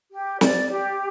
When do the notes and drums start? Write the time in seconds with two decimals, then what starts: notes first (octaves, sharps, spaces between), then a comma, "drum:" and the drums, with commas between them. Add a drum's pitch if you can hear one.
0.12 G4
0.41 D5, drum: snare
0.70 G4